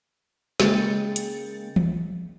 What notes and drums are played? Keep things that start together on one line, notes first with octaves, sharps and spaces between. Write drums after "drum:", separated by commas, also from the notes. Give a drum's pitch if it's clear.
C#3 G#3 A#3 G5 A6 C#7, drum: snare
drum: hi-hat
drum: tom E3